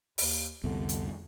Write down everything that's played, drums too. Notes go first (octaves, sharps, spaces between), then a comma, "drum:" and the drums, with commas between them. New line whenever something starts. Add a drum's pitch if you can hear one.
D#2, drum: open hi-hat
C2 F2 D3 B3
drum: hi-hat